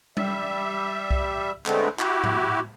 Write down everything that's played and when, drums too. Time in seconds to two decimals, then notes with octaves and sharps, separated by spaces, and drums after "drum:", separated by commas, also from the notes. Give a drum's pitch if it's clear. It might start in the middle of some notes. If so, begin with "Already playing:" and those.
0.17 G3 E5, drum: tom G3
1.11 drum: kick C2
1.66 D3 G#3 A3 B3 C4, drum: clap
1.99 E4 F#4 G4, drum: clap
2.24 drum: tom G#2